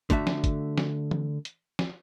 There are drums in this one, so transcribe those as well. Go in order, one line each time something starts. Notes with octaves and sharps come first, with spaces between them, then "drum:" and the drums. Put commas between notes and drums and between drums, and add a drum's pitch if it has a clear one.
D3 A3 F#4 E5, drum: kick, hi-hat
drum: snare
drum: kick, hi-hat
drum: snare
drum: tom E3
drum: hi-hat
drum: snare